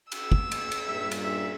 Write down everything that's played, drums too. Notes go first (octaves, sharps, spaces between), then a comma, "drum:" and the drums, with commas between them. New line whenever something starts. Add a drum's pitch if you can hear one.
E6, drum: cymbal
drum: kick
drum: cymbal
drum: cymbal
G2 A#2 E5
drum: cymbal
E5